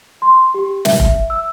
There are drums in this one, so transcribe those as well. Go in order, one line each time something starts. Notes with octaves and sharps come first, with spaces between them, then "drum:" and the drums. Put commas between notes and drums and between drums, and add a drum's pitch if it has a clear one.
C6
G4
E5, drum: snare
drum: kick F1
E6